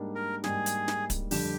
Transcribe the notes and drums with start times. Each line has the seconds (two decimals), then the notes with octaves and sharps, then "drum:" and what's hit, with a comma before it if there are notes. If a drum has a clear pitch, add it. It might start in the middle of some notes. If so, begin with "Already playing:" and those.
Already playing: G#2 G3 A#3 D4
0.15 A#4
0.44 G#2 G3 A#3 D4 G#4, drum: snare
0.66 drum: hi-hat
0.88 drum: snare
1.10 drum: kick D1, hi-hat
1.31 F2 D3 G3 D4 G4, drum: open hi-hat